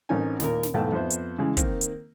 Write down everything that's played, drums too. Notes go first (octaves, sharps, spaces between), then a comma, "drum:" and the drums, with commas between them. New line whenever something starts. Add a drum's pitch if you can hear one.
A1 C4 C#4 D#4 A#4 G#5
D#2 A#2 A#4, drum: snare
drum: snare
B1 E2 G#2 A3 F5 G5
F2 B3 C5 E5
drum: hi-hat
C#3 E3 G#3
D#3 A#3 C4, drum: kick, hi-hat
drum: hi-hat